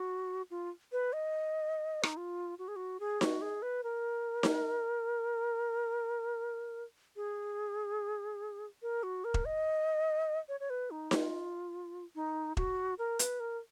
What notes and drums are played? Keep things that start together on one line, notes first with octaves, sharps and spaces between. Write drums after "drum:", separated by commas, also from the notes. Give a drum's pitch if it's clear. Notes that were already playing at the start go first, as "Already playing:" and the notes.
Already playing: F#4
F4
B4
D#5
D#4, drum: rim click
F4
F#4
G#4
F#4
G#4
F#4, drum: snare D#4
G#4
B4
A#4
drum: snare D#4
G#4
A#4
F#4
A#4
drum: kick E1
D#5
C#5
C#5
B4
D#4
F4, drum: snare D#4
D#4
F#4, drum: kick E1
A#4
B4, drum: hi-hat
A#4